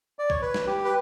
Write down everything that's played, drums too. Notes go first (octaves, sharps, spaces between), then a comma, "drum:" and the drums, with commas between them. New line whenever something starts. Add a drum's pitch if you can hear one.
D5
C#5, drum: kick A#1
B4
drum: snare
G4
B4